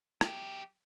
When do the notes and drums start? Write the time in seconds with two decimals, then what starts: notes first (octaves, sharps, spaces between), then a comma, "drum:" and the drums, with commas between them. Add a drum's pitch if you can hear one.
0.21 F#3 G4, drum: rim click